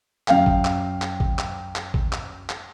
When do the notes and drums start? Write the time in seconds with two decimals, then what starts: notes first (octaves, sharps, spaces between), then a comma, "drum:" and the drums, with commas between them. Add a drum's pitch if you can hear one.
0.28 F#2 F5 G5, drum: clap
0.46 drum: kick A1
0.65 drum: clap
1.02 drum: clap
1.20 drum: kick A1
1.39 drum: clap
1.76 drum: clap
1.94 drum: kick A1
2.13 drum: clap
2.49 drum: clap